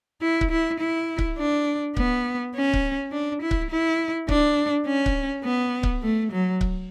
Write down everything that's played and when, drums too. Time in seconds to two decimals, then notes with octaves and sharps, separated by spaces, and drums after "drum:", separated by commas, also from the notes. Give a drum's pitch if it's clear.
0.22 E4
0.41 drum: kick C#1
0.51 E4
0.80 E4
1.18 drum: kick C#1
1.38 D4
1.97 B3, drum: kick C#1
2.54 C#4
2.73 drum: kick C#1
3.12 D4
3.42 E4
3.51 drum: kick C#1
3.70 E4
4.29 D4, drum: kick C#1
4.86 C#4
5.06 drum: kick C#1
5.44 B3
5.83 drum: kick C#1
6.02 A3
6.32 F#3
6.61 drum: kick C#1